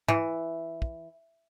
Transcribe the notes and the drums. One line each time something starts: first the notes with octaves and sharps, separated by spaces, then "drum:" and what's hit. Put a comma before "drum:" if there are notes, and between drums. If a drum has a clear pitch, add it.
E3, drum: tom
drum: kick